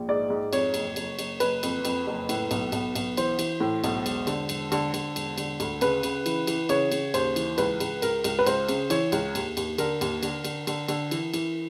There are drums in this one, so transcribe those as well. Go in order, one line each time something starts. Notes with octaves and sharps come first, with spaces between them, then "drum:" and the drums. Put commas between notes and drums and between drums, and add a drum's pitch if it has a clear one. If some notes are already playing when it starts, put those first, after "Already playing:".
Already playing: A#1
G#2 D5
G#2
F2 C#5, drum: cymbal
F#1, drum: cymbal
F#1, drum: cymbal
F#1, drum: cymbal
F#1 B4, drum: cymbal
F2, drum: cymbal
F2, drum: cymbal
F#1
A2, drum: cymbal
B1, drum: cymbal
B1, drum: cymbal
B1, drum: cymbal
E3 C5, drum: cymbal
E3, drum: cymbal
A2
B1, drum: cymbal
E1, drum: cymbal
D3, drum: cymbal
E1, drum: cymbal
D3, drum: cymbal
D3, drum: cymbal
E1, drum: cymbal
D3, drum: cymbal
D2, drum: cymbal
C#3 B4, drum: cymbal
C#3, drum: cymbal
E3, drum: cymbal
E3, drum: cymbal
C#3 C#5, drum: cymbal
C#3, drum: cymbal
D#2 C5, drum: cymbal
E3, drum: cymbal
C#2 B4, drum: cymbal
C#2, drum: cymbal
C#2 A#4, drum: cymbal
C#2, drum: cymbal
B4
C#2 C5, drum: cymbal
C#3, drum: cymbal
E3 C#5, drum: cymbal
C#2, drum: cymbal
D#2, drum: cymbal
D#2, drum: cymbal
D3 A#4, drum: cymbal
D#2, drum: cymbal
D3, drum: cymbal
D3, drum: cymbal
D3, drum: cymbal
D3, drum: cymbal
E3, drum: cymbal
E3, drum: cymbal